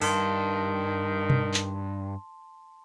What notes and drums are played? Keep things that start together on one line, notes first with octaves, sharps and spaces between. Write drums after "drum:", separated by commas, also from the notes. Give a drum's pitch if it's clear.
G2 D#3 A5 C6, drum: open hi-hat
drum: tom B2
drum: clap